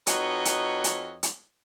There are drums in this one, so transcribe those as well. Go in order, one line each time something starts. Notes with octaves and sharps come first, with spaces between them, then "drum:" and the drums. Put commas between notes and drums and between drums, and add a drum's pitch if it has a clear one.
F2 D#4 F#4 B4 C#5 D#5, drum: hi-hat
drum: hi-hat
drum: hi-hat
drum: hi-hat